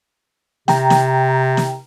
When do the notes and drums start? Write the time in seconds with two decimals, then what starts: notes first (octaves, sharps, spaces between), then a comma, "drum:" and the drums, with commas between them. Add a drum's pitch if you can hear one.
0.68 C3 G5 A#5, drum: snare
0.90 drum: snare
1.57 drum: snare